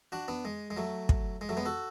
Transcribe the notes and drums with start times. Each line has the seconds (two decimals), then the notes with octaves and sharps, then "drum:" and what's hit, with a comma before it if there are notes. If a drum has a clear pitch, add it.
0.12 D4 F#4
0.28 B3 D4
0.45 G#3
0.70 G#3
0.77 F#3 A3
1.09 drum: kick
1.41 G#3
1.49 F#3 A3
1.57 G#3 B3
1.65 F#4 A4